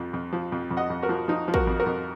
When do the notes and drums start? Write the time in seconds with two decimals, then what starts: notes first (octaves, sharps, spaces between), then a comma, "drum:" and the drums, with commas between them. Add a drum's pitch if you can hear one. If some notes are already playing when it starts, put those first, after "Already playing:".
Already playing: F2 F3
0.13 F2
0.33 F3
0.52 F2
0.71 F2
0.77 D#5 F#5
0.90 F2
1.02 F#4 A#4
1.09 F3
1.28 F3 D#4
1.48 F3
1.54 F#4 A#4, drum: kick
1.67 F2
1.80 F#4 A#4
1.86 F2